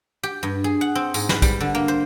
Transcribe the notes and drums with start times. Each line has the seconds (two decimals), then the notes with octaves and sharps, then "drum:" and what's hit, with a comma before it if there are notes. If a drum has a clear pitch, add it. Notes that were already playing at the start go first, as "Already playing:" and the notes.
0.23 G4
0.43 G2
0.64 G#4
0.81 F#5
0.95 C4
1.14 G#2, drum: tambourine
1.29 B4, drum: snare
1.42 G3, drum: kick, tambourine
1.60 D3
1.75 A#3
1.88 C5